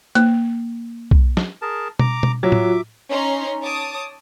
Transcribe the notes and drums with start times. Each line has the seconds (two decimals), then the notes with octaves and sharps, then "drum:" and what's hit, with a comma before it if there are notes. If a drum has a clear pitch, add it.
0.15 A#3, drum: hi-hat
1.11 drum: kick B1
1.37 drum: snare
1.62 G#4 A#4 A5
1.99 A#5 D6, drum: tom B2
2.23 drum: tom B2
2.43 F#3 F4 F#4 E5 D6
2.52 drum: tom A2
3.09 C#4 D#4 A#5 C6
3.61 C#5 A5 D6 D#6